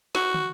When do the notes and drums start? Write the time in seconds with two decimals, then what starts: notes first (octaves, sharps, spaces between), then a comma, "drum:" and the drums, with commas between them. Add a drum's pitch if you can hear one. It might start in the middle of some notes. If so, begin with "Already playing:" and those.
0.15 F#4, drum: snare
0.34 drum: tom